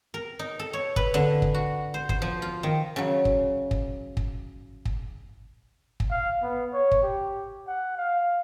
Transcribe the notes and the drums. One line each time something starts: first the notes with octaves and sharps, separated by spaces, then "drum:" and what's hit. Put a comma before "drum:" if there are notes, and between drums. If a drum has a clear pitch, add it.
A#4
D#4
A4
C#5
B4, drum: kick
D3
drum: kick
F#4
C5
C5, drum: kick
F3
F4
D#3
C#3 F#3
drum: kick
drum: kick
drum: kick
drum: kick
drum: kick
F5
B3
C#5
drum: kick
G4
F#5
F5